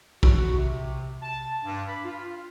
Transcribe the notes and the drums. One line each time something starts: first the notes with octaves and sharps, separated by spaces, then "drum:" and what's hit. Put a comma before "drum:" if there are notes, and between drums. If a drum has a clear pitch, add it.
F#4, drum: kick B1
C3
A5
G2
B5
F4